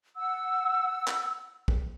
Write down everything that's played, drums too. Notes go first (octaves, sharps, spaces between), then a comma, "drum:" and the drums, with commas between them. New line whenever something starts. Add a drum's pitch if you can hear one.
F#5 E6
drum: clap
drum: kick